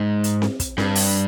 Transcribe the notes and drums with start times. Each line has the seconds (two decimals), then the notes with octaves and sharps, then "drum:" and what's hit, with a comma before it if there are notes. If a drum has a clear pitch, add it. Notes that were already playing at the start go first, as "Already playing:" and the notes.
Already playing: G#2
0.24 drum: hi-hat
0.42 drum: snare C4
0.60 drum: kick, hi-hat
0.78 G2, drum: snare C4
0.95 drum: open hi-hat